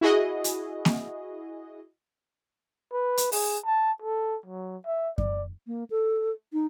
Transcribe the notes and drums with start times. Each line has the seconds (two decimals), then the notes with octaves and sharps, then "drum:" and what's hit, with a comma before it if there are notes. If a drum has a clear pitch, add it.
0.01 E4 F#4 G#4 D#5
0.44 drum: hi-hat
0.85 drum: snare A#3
2.93 B4
3.17 drum: hi-hat
3.32 G#4, drum: open hi-hat
3.65 A5
4.02 A4
4.46 F#3
4.86 E5
5.18 D5, drum: kick F#2
5.67 A#3
5.90 A4
6.53 D#4